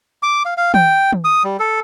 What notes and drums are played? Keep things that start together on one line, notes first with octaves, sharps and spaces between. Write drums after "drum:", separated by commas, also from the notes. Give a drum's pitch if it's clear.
D6
F5
F5
G5, drum: tom
drum: tom
D#6
G3
A4